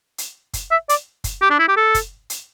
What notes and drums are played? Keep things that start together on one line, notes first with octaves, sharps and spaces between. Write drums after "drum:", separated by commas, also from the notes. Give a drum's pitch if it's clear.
drum: hi-hat
drum: kick, hi-hat
E5
D5, drum: hi-hat
drum: kick, hi-hat
G4
D4
E4
G4
A4
drum: kick, hi-hat
drum: hi-hat